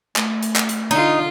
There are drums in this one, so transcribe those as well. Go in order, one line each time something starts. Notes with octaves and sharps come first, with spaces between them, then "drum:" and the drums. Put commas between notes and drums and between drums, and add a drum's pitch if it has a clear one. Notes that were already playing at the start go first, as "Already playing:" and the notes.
A3, drum: clap
drum: hi-hat
drum: clap
drum: hi-hat
D3 D#4 F4